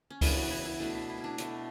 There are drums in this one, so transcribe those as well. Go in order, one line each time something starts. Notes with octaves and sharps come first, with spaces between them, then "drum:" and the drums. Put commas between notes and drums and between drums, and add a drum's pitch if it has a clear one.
C#4
C#3 E3 B3 D4, drum: kick C#2, open hi-hat
F#4
E4
E4
B2 A3 D4
E4
E4
C#4
D4
B2 A3, drum: hi-hat